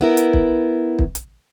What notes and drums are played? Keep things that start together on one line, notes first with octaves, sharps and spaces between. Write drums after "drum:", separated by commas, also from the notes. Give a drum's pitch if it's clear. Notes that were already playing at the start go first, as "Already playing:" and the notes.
B3 E4 A#4
drum: hi-hat
drum: kick
drum: kick
drum: hi-hat